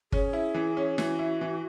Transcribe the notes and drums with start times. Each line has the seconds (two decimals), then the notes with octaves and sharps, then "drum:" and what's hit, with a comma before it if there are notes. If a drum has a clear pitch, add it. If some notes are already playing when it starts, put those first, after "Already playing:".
0.12 C#4 G#4, drum: kick G1
0.33 E4
0.54 E3
0.77 C#4
0.98 E3 F#4, drum: snare
1.19 E4
1.41 E3